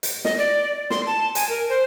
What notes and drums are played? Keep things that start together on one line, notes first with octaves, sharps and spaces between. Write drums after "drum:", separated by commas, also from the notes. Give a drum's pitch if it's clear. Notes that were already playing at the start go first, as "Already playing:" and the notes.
drum: hi-hat
D#5, drum: snare
D5
C6, drum: snare
A5
G#5, drum: hi-hat
A#4
C5